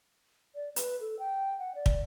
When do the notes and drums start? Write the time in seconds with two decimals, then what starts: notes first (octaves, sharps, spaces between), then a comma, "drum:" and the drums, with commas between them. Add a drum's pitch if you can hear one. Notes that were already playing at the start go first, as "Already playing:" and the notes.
0.55 D5
0.76 B4, drum: hi-hat
1.00 A4
1.19 G5
1.59 F#5
1.75 D5
1.86 drum: kick